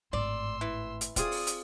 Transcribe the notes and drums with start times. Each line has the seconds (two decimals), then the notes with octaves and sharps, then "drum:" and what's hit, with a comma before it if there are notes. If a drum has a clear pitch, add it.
0.13 G#1 A2 D5 C6 E6
0.61 E3
1.01 drum: hi-hat
1.16 C4 F4 G#4 D5 D#6, drum: kick, hi-hat
1.31 drum: open hi-hat
1.47 drum: hi-hat